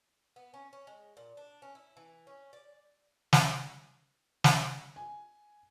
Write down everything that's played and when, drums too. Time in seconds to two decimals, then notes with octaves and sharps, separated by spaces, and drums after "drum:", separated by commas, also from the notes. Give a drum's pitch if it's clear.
0.36 B3
0.54 C#4
0.73 C#4
0.87 G#3
1.17 A#2
1.37 D4
1.62 C#4
1.75 E4
1.97 E3
2.27 C#4
2.53 D5
3.33 drum: snare
4.44 drum: snare
4.96 G#5